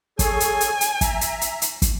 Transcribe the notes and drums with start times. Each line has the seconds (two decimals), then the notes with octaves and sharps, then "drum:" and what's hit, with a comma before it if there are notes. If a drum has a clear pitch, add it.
0.19 G#4 A4 C#5 G#5, drum: kick, hi-hat
0.40 drum: hi-hat
0.61 drum: hi-hat
0.81 drum: hi-hat
1.01 E5 A#5, drum: kick, hi-hat
1.21 drum: hi-hat
1.41 drum: hi-hat
1.62 drum: hi-hat
1.82 drum: kick, hi-hat